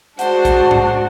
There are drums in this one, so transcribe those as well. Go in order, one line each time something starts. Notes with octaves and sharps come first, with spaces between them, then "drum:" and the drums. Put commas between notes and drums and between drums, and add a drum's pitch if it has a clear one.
G#3 D4 F#4 C5 F#5 A5, drum: hi-hat
drum: kick, hi-hat
drum: tom G#2